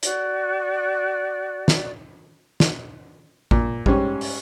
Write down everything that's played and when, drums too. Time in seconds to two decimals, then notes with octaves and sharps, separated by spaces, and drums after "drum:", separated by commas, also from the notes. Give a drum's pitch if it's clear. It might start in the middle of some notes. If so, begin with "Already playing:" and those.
0.03 F#4 D5, drum: hi-hat
1.68 drum: snare
2.60 drum: snare
3.51 A#2, drum: kick A1
3.86 G#2 G3 C#4, drum: kick A1
4.21 drum: open hi-hat